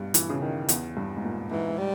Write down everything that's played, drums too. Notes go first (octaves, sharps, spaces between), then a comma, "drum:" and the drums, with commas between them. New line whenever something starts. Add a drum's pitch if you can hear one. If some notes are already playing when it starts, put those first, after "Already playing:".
Already playing: G2 B2
E3, drum: hi-hat
C#3
D#3
E2, drum: hi-hat
G2
G#2
A#2
G#2 E3
G#2
G3